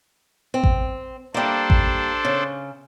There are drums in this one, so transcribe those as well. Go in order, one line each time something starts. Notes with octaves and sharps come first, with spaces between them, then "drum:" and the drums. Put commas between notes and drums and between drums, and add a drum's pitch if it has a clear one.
C4
drum: kick A1
G3 A#3 D4 A4 C5
drum: kick A1
C#3